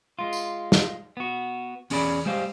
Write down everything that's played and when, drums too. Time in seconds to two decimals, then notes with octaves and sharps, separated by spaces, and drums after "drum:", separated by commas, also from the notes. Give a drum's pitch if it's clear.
0.19 G#3 F4
0.33 drum: tambourine
0.72 drum: snare
1.17 B3 F#4
1.90 E2 C#4 G#4 D5 B5, drum: open hi-hat
2.25 G3 G#3 G4 C5 F5